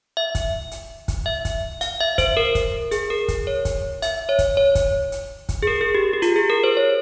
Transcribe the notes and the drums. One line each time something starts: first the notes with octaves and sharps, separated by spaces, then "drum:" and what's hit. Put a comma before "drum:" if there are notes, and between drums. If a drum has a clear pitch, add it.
E5
drum: kick, hi-hat
drum: hi-hat
drum: kick, hi-hat
E5
drum: kick, hi-hat
F5, drum: hi-hat
E5
C5, drum: kick, hi-hat
A#4
drum: kick, hi-hat
G#4, drum: hi-hat
A#4
drum: kick, hi-hat
C#5
drum: kick, hi-hat
E5, drum: hi-hat
C#5
drum: kick, hi-hat
C#5
drum: kick, hi-hat
drum: hi-hat
drum: kick, hi-hat
G#4
A#4
G#4
G4
G4
F4, drum: hi-hat
G#4
A#4
C5
C#5